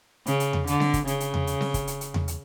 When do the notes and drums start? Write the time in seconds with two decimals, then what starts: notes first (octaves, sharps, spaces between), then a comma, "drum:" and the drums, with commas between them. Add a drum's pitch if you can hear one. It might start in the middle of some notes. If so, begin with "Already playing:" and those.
0.26 C#3, drum: hi-hat
0.40 drum: hi-hat
0.53 drum: tom E2
0.67 D3, drum: hi-hat
0.80 drum: snare C4
0.94 drum: kick, hi-hat
1.07 C#3, drum: hi-hat
1.20 drum: hi-hat
1.34 drum: tom E2
1.47 drum: hi-hat
1.61 drum: snare C4
1.74 drum: kick, hi-hat
1.87 drum: hi-hat
2.01 drum: hi-hat
2.14 drum: tom E2
2.28 drum: hi-hat